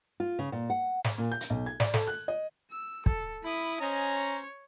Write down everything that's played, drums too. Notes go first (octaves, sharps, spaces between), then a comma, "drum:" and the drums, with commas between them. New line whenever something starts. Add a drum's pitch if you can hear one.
F4
C#3
A#2
F#5
drum: snare
A#2
G6
drum: hi-hat
B1
G#6
D5, drum: snare
A4, drum: snare
F#6
D#5
E6
A4, drum: kick
E4 B5 D#6
C#4 C5 D#5 G#5 A#5
C#5